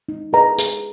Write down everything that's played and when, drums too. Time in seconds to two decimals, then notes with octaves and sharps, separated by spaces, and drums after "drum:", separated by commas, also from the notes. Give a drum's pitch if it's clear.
0.09 D#4
0.33 G#4 B4 D#5 A#5
0.58 G#4, drum: hi-hat